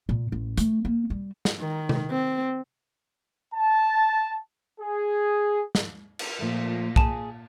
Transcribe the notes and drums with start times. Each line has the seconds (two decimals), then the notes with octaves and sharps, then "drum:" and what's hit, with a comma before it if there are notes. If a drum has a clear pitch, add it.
0.09 A#2
0.32 A1
0.57 A3, drum: hi-hat
0.85 A#3
1.10 G3
1.45 drum: snare
1.60 D#3
1.89 drum: tom C3
2.11 C4
3.55 A5
4.81 G#4
5.75 drum: snare
6.19 drum: cymbal
6.40 A#2 F3 A3
6.96 G#4 A5 E7, drum: kick